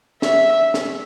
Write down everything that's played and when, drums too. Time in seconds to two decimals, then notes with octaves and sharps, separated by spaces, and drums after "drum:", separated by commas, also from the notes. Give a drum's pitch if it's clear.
0.22 E5, drum: snare
0.74 drum: snare